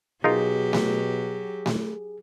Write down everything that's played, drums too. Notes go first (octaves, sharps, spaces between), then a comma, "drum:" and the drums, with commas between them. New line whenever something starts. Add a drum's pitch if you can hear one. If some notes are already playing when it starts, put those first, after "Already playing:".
B2 F#3 D#4 F4 G4 G#4 A#4
drum: snare A3
drum: snare A3